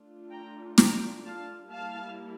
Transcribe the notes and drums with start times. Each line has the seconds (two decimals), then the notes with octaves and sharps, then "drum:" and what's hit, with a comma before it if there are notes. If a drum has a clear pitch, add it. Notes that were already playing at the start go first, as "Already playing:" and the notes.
Already playing: A3 D4 F4
0.31 G5 A#5
0.78 G5 A#5, drum: snare
1.25 F5 A5
1.71 G3 A#3 E4 F5 A5